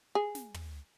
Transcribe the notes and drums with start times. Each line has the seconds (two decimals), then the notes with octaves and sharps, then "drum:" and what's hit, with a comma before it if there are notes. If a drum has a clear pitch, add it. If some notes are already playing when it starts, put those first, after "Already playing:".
0.15 G#4
0.35 drum: snare
0.54 drum: tom